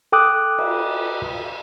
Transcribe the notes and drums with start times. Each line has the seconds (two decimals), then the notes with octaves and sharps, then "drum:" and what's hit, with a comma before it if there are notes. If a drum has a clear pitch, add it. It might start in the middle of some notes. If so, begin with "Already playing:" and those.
0.12 A4 G5 D6 D#6 F#6
0.58 drum: cymbal